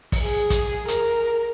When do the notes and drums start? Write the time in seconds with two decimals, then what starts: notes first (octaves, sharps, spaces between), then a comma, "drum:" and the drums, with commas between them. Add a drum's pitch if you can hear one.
0.12 drum: kick, open hi-hat
0.23 G#4
0.50 drum: kick, hi-hat
0.88 A#4, drum: hi-hat